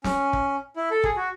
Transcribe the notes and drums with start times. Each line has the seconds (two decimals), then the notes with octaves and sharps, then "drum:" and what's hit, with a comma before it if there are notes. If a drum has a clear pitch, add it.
0.04 C#4, drum: snare
0.33 drum: kick
0.76 E4
0.91 A4
1.04 G#4, drum: kick
1.16 F#4